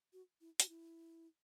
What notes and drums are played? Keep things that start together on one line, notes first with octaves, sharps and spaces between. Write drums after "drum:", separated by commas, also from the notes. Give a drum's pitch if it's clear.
F#4
E4
F#4, drum: hi-hat
E4